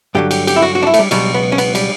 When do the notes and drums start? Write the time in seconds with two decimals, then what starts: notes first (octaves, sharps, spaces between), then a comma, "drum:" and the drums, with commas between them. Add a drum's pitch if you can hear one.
0.15 G2 D3 F#3 G4
0.31 G4, drum: cymbal
0.47 G4, drum: cymbal
0.56 E4
0.62 F#4
0.75 F#4
0.82 D4
0.87 E4
0.94 A3, drum: cymbal
0.99 G3
1.11 C#2 B2 F#3 G3, drum: cymbal
1.35 B3
1.52 C#4
1.58 B3, drum: cymbal
1.75 G3, drum: cymbal